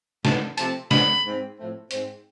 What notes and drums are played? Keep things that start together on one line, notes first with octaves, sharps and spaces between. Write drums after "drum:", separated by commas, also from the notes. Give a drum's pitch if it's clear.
G#2 E3 G#3 B3 A5, drum: snare
C3 F3 A3 C4 A5, drum: hi-hat
D3 F3 G#3 B3 B5, drum: snare
G#2 G#3 C4
A2 F3 A3 C4
G#2 G#3 C4, drum: hi-hat